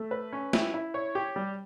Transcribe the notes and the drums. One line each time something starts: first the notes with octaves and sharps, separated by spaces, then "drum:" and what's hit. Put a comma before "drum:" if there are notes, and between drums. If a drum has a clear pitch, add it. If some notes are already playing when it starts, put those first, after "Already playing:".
Already playing: A3
B4
C#4
E4, drum: snare
E4
C#5
G4
G3